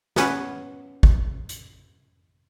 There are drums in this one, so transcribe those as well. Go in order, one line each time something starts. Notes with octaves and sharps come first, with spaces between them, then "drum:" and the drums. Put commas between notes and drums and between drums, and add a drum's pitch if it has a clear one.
B3 C#4 B4, drum: snare
drum: kick
drum: hi-hat